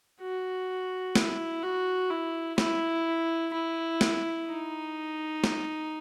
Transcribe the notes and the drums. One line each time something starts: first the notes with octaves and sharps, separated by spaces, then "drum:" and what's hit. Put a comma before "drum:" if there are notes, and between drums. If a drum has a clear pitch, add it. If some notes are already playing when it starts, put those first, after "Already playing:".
F#4
E4, drum: snare
F#4
E4
E4, drum: snare
E4
drum: snare
D#4
drum: snare